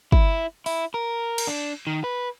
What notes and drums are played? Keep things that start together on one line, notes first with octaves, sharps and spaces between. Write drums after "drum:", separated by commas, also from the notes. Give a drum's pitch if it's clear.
E4, drum: kick
E4, drum: open hi-hat
A#4
drum: cymbal
D4
D#3
B4